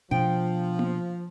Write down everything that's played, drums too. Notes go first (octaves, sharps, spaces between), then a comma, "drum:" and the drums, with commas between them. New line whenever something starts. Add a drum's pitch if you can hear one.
B2 F3 D4 G5
drum: tom A#3